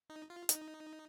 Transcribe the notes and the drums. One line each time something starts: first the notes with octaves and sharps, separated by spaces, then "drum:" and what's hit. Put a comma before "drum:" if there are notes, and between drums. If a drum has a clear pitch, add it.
D#4
F4
D#4, drum: hi-hat